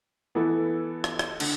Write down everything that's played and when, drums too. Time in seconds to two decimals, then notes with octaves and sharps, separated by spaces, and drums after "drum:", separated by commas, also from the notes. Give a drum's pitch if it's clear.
0.35 E3 B3 E4 A4
1.04 drum: rim click
1.19 drum: rim click
1.40 D3, drum: cymbal